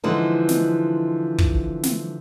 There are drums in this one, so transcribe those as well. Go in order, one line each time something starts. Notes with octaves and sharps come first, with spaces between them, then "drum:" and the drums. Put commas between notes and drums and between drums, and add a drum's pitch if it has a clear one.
D3 E3 F3 G#3 D#4
drum: snare
drum: kick
drum: snare